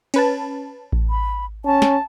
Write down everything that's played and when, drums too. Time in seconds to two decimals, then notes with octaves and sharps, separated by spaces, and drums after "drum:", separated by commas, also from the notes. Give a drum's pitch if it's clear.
0.14 C#4 B4 A5, drum: cymbal
0.92 drum: kick A1
1.10 B5
1.65 C#4 A5
1.82 drum: snare